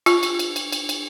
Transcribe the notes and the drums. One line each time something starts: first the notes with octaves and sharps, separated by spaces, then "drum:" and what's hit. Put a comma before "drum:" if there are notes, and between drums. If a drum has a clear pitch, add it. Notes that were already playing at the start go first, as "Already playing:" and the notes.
F4, drum: cymbal
drum: cymbal
drum: cymbal
drum: cymbal
drum: cymbal
drum: cymbal